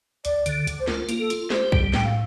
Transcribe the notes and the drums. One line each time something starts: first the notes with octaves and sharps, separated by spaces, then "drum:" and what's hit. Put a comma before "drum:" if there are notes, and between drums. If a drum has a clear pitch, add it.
D2 D5, drum: hi-hat
D3, drum: hi-hat
D2, drum: hi-hat
C5
F4 A#4, drum: snare
A#3, drum: hi-hat
A4
F4, drum: hi-hat
G4 C5, drum: snare
G3, drum: kick B1
A2 G5, drum: snare
F5